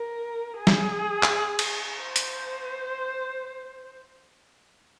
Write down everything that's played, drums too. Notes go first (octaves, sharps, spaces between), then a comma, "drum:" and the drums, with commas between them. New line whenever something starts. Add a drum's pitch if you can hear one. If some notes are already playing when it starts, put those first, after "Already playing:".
Already playing: A#4
G#4
drum: snare
drum: clap
drum: cymbal
C5
drum: hi-hat